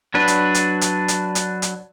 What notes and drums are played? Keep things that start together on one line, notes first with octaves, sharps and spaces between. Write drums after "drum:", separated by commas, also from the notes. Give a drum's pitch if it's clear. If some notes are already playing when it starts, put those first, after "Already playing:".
F#3 D4 B4
drum: hi-hat
drum: hi-hat
drum: hi-hat
drum: hi-hat
drum: hi-hat
drum: hi-hat